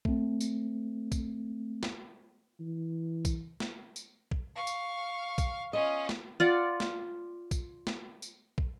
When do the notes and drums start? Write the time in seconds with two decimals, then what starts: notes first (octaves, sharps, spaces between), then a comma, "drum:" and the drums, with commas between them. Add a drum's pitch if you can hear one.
0.05 A3 C4, drum: kick
0.41 drum: tambourine
1.12 drum: kick, tambourine
1.83 drum: snare
2.60 E3
3.25 drum: kick, tambourine
3.60 drum: snare
3.96 drum: tambourine
4.31 drum: kick
4.55 F5 C#6
4.67 drum: tambourine
5.38 drum: kick, tambourine
5.73 C#4 F4 D#5
6.09 drum: snare
6.40 F4 D5 F#5
6.80 drum: snare
7.51 drum: kick, tambourine
7.87 drum: snare
8.22 drum: tambourine
8.58 drum: kick